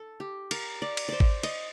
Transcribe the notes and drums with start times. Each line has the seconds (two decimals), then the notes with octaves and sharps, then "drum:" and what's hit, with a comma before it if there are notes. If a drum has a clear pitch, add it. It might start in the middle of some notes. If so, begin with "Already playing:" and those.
Already playing: A4
0.20 G4
0.51 A#4, drum: cymbal
0.82 D5
0.97 drum: cymbal
1.09 C5 D5
1.20 drum: kick G#1
1.43 D#5, drum: cymbal